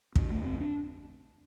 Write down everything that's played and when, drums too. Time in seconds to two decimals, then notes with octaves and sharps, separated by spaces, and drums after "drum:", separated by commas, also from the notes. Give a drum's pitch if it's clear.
0.16 F2 D3, drum: kick
0.31 A3
0.45 C4
0.60 D4